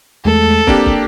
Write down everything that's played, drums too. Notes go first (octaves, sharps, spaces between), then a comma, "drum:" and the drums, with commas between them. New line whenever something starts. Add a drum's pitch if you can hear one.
E2 G#3 A3 A4
A#3 C4 D4 G4, drum: kick
drum: kick